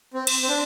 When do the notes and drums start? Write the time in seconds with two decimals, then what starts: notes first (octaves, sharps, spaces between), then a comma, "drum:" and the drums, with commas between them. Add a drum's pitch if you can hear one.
0.14 C4
0.27 drum: cymbal
0.43 C4
0.48 D4